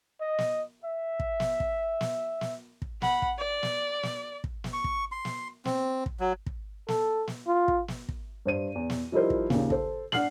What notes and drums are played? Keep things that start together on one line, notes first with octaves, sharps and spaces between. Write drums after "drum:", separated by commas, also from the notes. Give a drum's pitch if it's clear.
D#5
drum: snare
E5
drum: kick
drum: snare
drum: kick
drum: snare
drum: snare
drum: kick
F#5 B5, drum: snare
drum: kick
D5
drum: snare
drum: snare
drum: kick
drum: snare
C#6
drum: kick
C6
drum: snare
C4, drum: snare
drum: kick
F#3
drum: kick
A4, drum: snare
drum: snare
F4
drum: kick
drum: snare
drum: kick
G2 C5 D#7
E2
drum: snare
F3 G3 D#4 E4 A#4 C5
drum: kick
D#2 A#2 C#3, drum: snare
A4 C5, drum: kick
D4 F#5 F6 C7 F#7, drum: snare